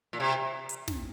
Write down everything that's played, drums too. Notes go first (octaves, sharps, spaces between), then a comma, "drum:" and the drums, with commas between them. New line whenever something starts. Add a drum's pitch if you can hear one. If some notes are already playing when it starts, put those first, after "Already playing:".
A#2
C3
drum: hi-hat
drum: snare